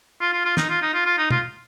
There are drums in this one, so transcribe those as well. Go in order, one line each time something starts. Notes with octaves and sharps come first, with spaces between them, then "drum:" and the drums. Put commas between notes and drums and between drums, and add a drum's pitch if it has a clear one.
F4
F4
F4
D#4, drum: snare
F4
D#4
F4
F4
D#4
F4, drum: tom